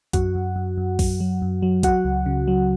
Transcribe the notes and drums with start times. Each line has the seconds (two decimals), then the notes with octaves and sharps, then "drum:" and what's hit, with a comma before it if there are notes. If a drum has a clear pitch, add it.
0.13 F#2 F#4 F#5, drum: kick A#1, hi-hat
0.35 F#2
0.56 F#2
0.78 F#2
0.99 F#3, drum: kick A#1, open hi-hat
1.20 F#3
1.42 F#2
1.62 F#3
1.83 F#3 F#4 F#5, drum: kick A#1, hi-hat
2.05 C#2
2.26 C#3
2.48 F#3